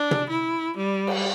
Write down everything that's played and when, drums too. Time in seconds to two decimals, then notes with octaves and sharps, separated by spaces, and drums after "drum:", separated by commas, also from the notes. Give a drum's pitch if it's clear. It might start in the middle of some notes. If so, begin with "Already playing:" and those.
Already playing: D4
0.11 drum: tom
0.30 E4
0.77 G3
1.07 drum: cymbal